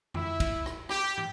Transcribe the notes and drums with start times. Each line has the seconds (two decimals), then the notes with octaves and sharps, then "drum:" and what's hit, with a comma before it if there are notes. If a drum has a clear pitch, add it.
0.14 E4, drum: tom F2
0.40 drum: kick, cymbal
0.66 drum: rim click
0.89 G4, drum: rim click
1.17 drum: tom